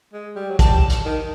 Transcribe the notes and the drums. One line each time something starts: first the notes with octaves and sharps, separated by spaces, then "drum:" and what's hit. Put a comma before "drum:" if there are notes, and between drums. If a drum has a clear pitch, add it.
G#3
G3
F#3
G3 A5, drum: kick, hi-hat
drum: hi-hat
D#3